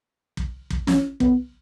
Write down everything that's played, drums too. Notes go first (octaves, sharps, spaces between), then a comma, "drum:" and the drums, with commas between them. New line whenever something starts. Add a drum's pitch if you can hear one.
drum: kick
drum: kick
C#4, drum: snare
B3, drum: kick